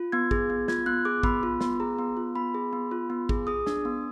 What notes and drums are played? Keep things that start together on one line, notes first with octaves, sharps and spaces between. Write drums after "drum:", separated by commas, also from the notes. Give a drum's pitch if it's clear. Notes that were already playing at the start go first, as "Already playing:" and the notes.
Already playing: F4
B3 G#6
G#4, drum: kick
B3
F4 G#6, drum: snare
B3 F#6
G#4 D6
B3 B5, drum: kick
F4
B3, drum: snare
G#4 A#5
B3
F4
B3 B5
G#4
B3
F4
B3
G#4, drum: kick
G#4 D#6
D4, drum: snare
B3